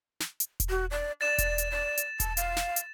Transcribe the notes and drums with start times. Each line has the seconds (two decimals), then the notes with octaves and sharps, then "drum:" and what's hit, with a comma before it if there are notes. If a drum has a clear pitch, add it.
0.20 drum: snare
0.40 drum: hi-hat
0.60 drum: kick E1, hi-hat
0.69 F#4
0.91 D5
1.21 D5 A6 E7
1.38 drum: kick E1, hi-hat
1.58 drum: hi-hat
1.71 D5
1.97 drum: hi-hat
2.20 A5, drum: kick E1, hi-hat
2.37 F5, drum: hi-hat
2.57 drum: snare
2.76 drum: hi-hat